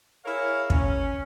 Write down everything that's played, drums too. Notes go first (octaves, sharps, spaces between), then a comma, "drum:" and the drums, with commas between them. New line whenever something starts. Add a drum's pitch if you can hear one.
E4 G#4 A#4 C#5 F5
C#4, drum: kick